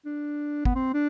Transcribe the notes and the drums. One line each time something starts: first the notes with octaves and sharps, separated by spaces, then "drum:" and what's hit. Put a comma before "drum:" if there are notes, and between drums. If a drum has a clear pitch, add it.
D4
B3, drum: kick
C4
D4